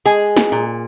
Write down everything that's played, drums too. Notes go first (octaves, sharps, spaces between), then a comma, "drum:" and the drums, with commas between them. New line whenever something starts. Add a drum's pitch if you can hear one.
G#3 G#4 G#5
drum: snare
A#2